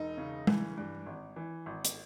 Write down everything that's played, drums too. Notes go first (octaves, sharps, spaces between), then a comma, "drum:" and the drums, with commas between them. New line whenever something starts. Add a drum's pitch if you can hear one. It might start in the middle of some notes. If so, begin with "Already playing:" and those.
Already playing: E1 D#4
C#3
E3, drum: tom
G2
G#1
E3
G#1
drum: hi-hat